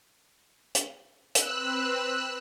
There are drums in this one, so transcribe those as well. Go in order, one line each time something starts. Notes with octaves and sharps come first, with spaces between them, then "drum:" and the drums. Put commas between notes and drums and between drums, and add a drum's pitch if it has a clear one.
drum: hi-hat
C4 B4 E6 F#6, drum: hi-hat